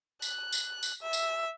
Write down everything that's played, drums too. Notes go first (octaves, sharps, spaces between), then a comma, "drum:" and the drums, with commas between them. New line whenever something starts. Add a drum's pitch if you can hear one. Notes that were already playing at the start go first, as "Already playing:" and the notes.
F#6, drum: tambourine
drum: tambourine
drum: tambourine
E5
drum: tambourine